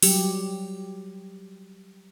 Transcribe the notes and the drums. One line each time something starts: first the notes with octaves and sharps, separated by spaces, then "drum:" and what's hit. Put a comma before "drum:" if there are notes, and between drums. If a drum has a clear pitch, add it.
F#3 G3 G4, drum: open hi-hat